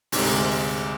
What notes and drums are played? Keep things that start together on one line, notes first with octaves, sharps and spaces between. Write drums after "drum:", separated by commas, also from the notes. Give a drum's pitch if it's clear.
D2 G#2 C3 G#3, drum: open hi-hat